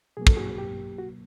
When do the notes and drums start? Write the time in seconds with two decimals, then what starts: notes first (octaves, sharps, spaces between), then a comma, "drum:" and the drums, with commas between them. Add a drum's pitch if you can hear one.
0.17 B2 F#3 A#3 G#4
0.27 A4, drum: kick
0.37 F#4 G#4
0.58 G4
0.99 F#4